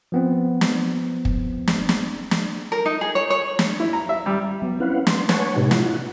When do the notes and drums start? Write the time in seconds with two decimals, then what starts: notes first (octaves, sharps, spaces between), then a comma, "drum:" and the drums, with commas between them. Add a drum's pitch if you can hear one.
0.12 F3 B3 C4
0.61 drum: snare
1.25 drum: kick
1.68 drum: snare
1.89 drum: snare
2.31 drum: snare
2.72 A#4
2.85 D#4
3.01 G#4
3.15 C#5
3.30 C#5
3.59 drum: snare
3.80 E4
3.93 A#5
4.09 E5
4.26 G3
4.62 F#3 B3
4.80 C4 C#4 E4 B4 F5 F#5
5.07 C6, drum: snare
5.29 B4 C#5 F#5 G#5 A5 C#6, drum: snare
5.56 A2 C3 G#3 D#4 G4
5.71 E4 F4 F#5, drum: snare